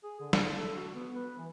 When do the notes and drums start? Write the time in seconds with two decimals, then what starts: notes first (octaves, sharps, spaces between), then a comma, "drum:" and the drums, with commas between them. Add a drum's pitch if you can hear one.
0.03 G#4
0.20 D3
0.33 D3, drum: snare
0.54 A4
0.76 F#4
0.95 B3
1.15 B4
1.38 E3